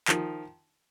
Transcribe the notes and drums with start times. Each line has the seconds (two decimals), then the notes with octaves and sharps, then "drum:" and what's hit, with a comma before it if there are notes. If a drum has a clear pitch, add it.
0.08 D#3 F3, drum: clap